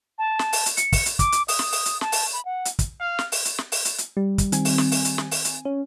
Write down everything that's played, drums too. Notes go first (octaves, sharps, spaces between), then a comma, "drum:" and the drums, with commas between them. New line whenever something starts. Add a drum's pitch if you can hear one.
A5
drum: snare
drum: open hi-hat
drum: hi-hat
C#7, drum: hi-hat
drum: kick, open hi-hat
drum: hi-hat
D6, drum: kick, hi-hat
drum: hi-hat
D#6, drum: open hi-hat
drum: snare
drum: open hi-hat
drum: hi-hat
A5, drum: snare
drum: open hi-hat
B5
F#5
drum: hi-hat
drum: kick, hi-hat
F5
drum: snare
drum: open hi-hat
drum: hi-hat
drum: snare
drum: open hi-hat
drum: hi-hat
drum: hi-hat
G3
drum: kick, hi-hat
D#3 C4 G#5, drum: hi-hat
drum: open hi-hat
drum: snare
drum: open hi-hat
drum: hi-hat
drum: snare
drum: open hi-hat
drum: hi-hat
C#4